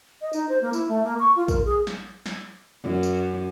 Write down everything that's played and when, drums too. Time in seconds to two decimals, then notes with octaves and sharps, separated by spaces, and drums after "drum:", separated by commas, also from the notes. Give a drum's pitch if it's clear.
0.21 D#5
0.33 D#4, drum: tambourine
0.49 C5
0.61 A#3
0.73 E4, drum: tambourine
0.88 A3
1.04 A#3
1.19 C#6
1.36 F4
1.48 A#4, drum: kick, tambourine
1.65 G#4
1.87 drum: snare
2.26 drum: snare
2.82 F#2
3.03 drum: tambourine